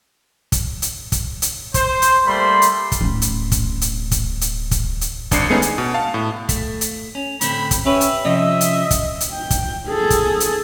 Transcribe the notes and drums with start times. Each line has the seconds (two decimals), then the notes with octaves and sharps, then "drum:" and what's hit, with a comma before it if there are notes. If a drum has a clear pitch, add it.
0.52 drum: kick, hi-hat
0.82 drum: hi-hat
1.12 drum: kick, hi-hat
1.42 drum: hi-hat
1.74 C5, drum: kick, hi-hat
2.02 drum: hi-hat
2.27 G3 A3 A#3 B5 C6
2.62 drum: hi-hat
2.92 drum: kick, hi-hat
3.01 D1 C#4
3.22 drum: hi-hat
3.52 drum: kick, hi-hat
3.81 drum: hi-hat
4.11 drum: kick, hi-hat
4.41 drum: hi-hat
4.71 drum: kick, hi-hat
5.01 drum: hi-hat
5.31 G#1 D4 C7 C#7, drum: kick, hi-hat
5.50 G#3 A3 B3 C#4 D#4 G#4
5.62 G#5, drum: hi-hat
5.78 B2
5.94 F5 A5
6.14 A2
6.49 A3, drum: kick, hi-hat
6.81 drum: hi-hat
7.15 C#4
7.41 A2 D3 C4 B5, drum: hi-hat
7.71 drum: kick, hi-hat
7.86 C#4 G4 B4 E5
8.01 drum: hi-hat
8.25 C3 F3 C#4 D#5 E5
8.61 drum: hi-hat
8.91 drum: kick, hi-hat
9.21 drum: hi-hat
9.31 G5
9.50 drum: kick, hi-hat
9.88 G#4 A4
10.10 drum: kick, hi-hat
10.40 drum: hi-hat